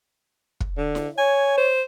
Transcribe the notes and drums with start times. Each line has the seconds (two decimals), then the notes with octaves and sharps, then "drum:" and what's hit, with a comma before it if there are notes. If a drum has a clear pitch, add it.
0.60 drum: kick
0.78 D3
0.95 drum: snare E4
1.18 C#5 G#5
1.57 C5